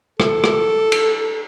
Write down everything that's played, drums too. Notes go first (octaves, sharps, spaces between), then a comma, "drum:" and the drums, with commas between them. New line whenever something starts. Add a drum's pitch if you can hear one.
A4, drum: rim click
drum: rim click
drum: cymbal